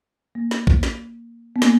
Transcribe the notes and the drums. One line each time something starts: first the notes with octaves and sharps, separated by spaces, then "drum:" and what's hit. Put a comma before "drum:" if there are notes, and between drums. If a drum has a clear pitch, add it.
A#3
drum: snare
drum: kick A#1
drum: snare
B3
A#3, drum: snare